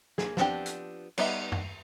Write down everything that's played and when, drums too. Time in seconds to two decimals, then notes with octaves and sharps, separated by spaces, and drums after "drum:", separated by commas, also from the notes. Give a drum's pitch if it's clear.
0.18 A#3 G#4, drum: snare
0.37 F3 B3 C4 D4 G4, drum: snare
0.66 drum: hi-hat
1.18 G3 B3 D#4 D#5 E5, drum: cymbal
1.52 drum: tom